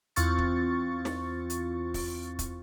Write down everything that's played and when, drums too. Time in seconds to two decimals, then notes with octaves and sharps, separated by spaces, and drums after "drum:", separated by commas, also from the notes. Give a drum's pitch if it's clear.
0.16 E2 C4 F4 C#6 A6, drum: hi-hat
0.38 drum: kick
1.05 drum: snare
1.50 drum: hi-hat
1.94 drum: kick, open hi-hat
2.39 drum: kick, hi-hat